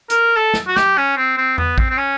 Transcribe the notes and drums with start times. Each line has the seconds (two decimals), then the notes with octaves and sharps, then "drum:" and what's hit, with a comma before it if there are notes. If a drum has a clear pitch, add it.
0.10 A#4, drum: hi-hat
0.37 A4
0.54 drum: snare
0.67 F#4
0.76 G4, drum: snare
0.98 C#4
1.17 C4
1.38 C4
1.58 B3, drum: tom E2
1.78 C4, drum: kick
1.90 C4
1.98 C#4